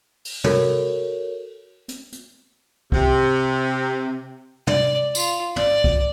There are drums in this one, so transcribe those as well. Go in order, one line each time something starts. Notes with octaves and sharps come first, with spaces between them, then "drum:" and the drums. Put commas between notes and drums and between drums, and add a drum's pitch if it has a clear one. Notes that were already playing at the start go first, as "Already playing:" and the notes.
drum: open hi-hat
F#4 A4 A#4 C#5, drum: tom
drum: hi-hat
drum: hi-hat
C3, drum: kick C2
D5, drum: tom
F4, drum: tambourine
D5, drum: tom
drum: kick C2